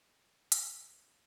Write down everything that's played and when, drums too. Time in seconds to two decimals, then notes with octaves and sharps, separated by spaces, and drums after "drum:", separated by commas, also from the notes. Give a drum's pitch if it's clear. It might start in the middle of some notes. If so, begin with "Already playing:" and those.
Already playing: G3 C4
0.24 D#3
0.52 drum: hi-hat